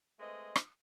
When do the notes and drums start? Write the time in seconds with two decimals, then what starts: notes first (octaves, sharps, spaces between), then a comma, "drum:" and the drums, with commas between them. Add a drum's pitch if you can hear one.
0.19 G#3 A3 C4 B4 D#5
0.56 drum: rim click